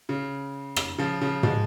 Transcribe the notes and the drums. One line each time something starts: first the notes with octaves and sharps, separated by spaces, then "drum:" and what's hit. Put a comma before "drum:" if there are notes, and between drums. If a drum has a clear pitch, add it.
C#3
drum: rim click
C#3 F3
C#3 F3
F3 G#3, drum: tom